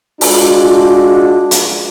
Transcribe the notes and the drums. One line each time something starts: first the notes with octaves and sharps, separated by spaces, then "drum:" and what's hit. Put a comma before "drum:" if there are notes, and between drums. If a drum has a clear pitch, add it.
G#3 D4 F4 F#4, drum: open hi-hat
drum: hi-hat